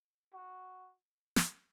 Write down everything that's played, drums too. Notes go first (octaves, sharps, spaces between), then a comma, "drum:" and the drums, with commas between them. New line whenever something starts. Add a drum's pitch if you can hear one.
F#4
drum: snare